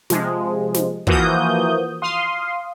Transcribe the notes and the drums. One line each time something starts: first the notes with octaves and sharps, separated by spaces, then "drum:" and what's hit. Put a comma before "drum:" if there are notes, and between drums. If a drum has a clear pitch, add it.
C3 F3 G#3, drum: snare
drum: snare
E3 F3 A#3 F#4 D#6 G6, drum: kick
F5 C6 D#6